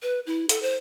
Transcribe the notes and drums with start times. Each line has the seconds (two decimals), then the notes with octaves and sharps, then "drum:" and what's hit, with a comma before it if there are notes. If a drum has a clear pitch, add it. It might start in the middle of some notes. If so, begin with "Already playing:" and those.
0.02 B4
0.26 E4
0.49 A4, drum: hi-hat
0.62 C5